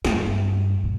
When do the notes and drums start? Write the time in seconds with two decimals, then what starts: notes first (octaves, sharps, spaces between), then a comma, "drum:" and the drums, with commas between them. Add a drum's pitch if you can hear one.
0.05 G2, drum: snare
0.84 A#2